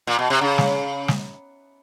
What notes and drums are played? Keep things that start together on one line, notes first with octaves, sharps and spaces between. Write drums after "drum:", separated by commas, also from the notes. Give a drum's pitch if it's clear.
A#2
B2
C3
C#3
drum: snare
drum: snare